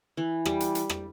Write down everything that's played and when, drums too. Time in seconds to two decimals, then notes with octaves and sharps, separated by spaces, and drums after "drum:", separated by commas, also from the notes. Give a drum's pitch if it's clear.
0.17 E3
0.45 G3, drum: rim click
0.60 drum: hi-hat
0.75 drum: hi-hat
0.90 drum: rim click